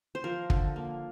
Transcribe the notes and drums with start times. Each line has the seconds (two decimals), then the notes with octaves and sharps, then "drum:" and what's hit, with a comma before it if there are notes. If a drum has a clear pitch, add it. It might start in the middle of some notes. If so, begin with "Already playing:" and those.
0.15 C5
0.24 F3 A#4
0.50 D3, drum: kick
0.76 A#3